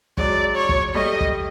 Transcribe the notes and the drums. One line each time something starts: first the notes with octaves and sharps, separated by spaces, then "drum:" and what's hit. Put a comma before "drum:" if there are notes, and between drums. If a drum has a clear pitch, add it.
F#3 G#3 D5, drum: kick
C#5
drum: kick
G3 A3 D#5
drum: kick